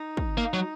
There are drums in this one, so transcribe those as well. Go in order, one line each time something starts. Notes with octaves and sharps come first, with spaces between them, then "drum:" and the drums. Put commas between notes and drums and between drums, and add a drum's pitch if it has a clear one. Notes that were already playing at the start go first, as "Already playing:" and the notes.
Already playing: D#4
drum: kick
A#3
F#3